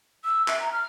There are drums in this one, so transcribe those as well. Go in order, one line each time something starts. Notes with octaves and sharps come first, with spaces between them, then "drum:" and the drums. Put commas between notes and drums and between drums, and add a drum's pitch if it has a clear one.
E6
E5, drum: clap
A#5
F6